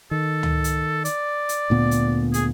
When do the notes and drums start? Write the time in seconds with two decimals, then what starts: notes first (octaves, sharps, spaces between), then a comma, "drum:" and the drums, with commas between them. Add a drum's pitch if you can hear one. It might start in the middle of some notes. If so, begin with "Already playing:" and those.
0.11 D#3 A4
0.43 drum: tom C#2
0.64 drum: hi-hat
1.05 D5, drum: hi-hat
1.49 drum: hi-hat
1.70 D2 A#2 B3
1.91 drum: hi-hat
2.34 G#4, drum: hi-hat